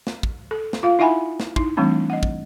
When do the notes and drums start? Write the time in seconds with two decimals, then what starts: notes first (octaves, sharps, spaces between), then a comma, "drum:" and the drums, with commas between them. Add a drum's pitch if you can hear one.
0.07 drum: snare
0.23 drum: kick
0.51 A4
0.73 drum: snare
0.83 F4 F5
0.99 D#4 E4 E5 F#5 G#5 B5
1.40 drum: snare
1.56 D#4 E4, drum: kick
1.77 E3 G3 A3 C4 D4
2.10 D#5 F#5
2.23 drum: kick